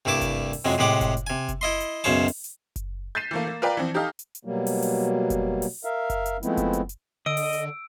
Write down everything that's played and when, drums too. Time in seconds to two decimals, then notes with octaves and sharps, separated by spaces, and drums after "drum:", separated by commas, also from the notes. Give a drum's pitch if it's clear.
0.05 C2 G2 A3 E4 A5 D6
0.21 drum: kick F#1, hi-hat
0.53 drum: open hi-hat
0.65 F2 C3 F#3 G#3
0.78 A2 C3 G#3 G4 F#5 D6
1.01 drum: kick F#1, hi-hat
1.17 drum: hi-hat
1.27 C3 G#5
1.49 drum: kick F#1, hi-hat
1.61 E4 D#5 C6
1.80 drum: hi-hat
2.04 B1 F#2 C#3 C5 C#5 A5
2.28 drum: open hi-hat
2.44 drum: hi-hat
2.76 drum: kick F#1, hi-hat
3.15 G6 A6 B6 C7 D#7 E7
3.31 E3 A3 A#3
3.47 A#3
3.62 F4 A#4 B4 D5 G5
3.77 E3 F3 C4
3.94 D#4 G4 A4 D#5 F5
4.19 drum: hi-hat
4.35 drum: hi-hat
4.45 B2 F#3 G3 A#3
4.67 drum: open hi-hat
4.82 drum: open hi-hat
5.30 drum: kick F#1, hi-hat
5.62 drum: open hi-hat
5.85 A#4 E5 F5
6.10 drum: kick F#1, hi-hat
6.26 drum: hi-hat
6.43 F3 G#3 A3 B3 C4 E4, drum: hi-hat
6.57 drum: kick F#1, hi-hat
6.73 drum: hi-hat
6.89 drum: hi-hat
7.26 D3 D#5 E6 D7
7.37 drum: open hi-hat
7.53 drum: hi-hat